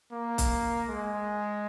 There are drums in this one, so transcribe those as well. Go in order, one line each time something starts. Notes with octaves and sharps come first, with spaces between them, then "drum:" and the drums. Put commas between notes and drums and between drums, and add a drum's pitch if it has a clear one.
A#3
drum: kick, hi-hat
G#3